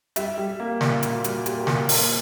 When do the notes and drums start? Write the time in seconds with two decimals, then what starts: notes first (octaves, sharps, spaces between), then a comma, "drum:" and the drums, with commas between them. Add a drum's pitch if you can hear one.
0.16 G3 E5, drum: hi-hat
0.38 G3
0.60 A#3
0.81 A#2 D5, drum: snare
1.03 A#3, drum: hi-hat
1.13 F#4
1.24 G3, drum: hi-hat
1.46 G3 G4, drum: hi-hat
1.53 A#4
1.60 G4
1.67 A#2, drum: snare
1.89 A#3, drum: open hi-hat